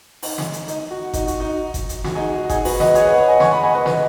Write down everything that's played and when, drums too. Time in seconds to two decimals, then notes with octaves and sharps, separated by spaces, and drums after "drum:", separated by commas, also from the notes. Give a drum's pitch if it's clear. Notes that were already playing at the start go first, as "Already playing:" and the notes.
0.22 D#4, drum: open hi-hat
0.38 drum: snare
0.53 drum: hi-hat
0.68 D#4, drum: hi-hat
0.91 F#4
1.14 D#4, drum: kick G1, hi-hat
1.28 F#4, drum: hi-hat
1.40 D#4
1.74 drum: kick G1, hi-hat
1.89 drum: hi-hat
2.04 F#4, drum: snare
2.15 D#4 G#4
2.38 F#4
2.50 D#4 G#4, drum: kick G1, hi-hat
2.65 F#4 B4, drum: open hi-hat
2.80 B4 D#5, drum: snare
2.95 G#4 C#5, drum: hi-hat
3.02 F#5
3.06 B4 D#5
3.18 C#5 F#5
3.28 D#5 G#5
3.40 G#5 C#6, drum: snare
3.51 F#5 B5
3.64 D#5 G#5
3.74 B4 D#5
3.86 B4 D#5, drum: snare